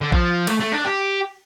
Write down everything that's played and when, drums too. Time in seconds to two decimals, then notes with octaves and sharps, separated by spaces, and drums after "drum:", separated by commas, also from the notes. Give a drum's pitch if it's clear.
0.01 D3
0.12 F3, drum: kick A#1
0.47 A3, drum: cymbal
0.60 A3
0.72 D4
0.84 G4